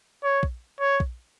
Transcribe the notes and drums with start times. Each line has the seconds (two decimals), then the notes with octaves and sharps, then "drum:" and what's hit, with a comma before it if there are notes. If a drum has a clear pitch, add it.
0.24 C#5
0.43 drum: kick
0.81 C#5
1.00 drum: kick